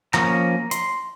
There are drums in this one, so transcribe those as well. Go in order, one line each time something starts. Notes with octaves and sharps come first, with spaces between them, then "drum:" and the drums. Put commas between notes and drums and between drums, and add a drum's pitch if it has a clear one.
F3 A#3 C#4 A#5, drum: clap
C6, drum: hi-hat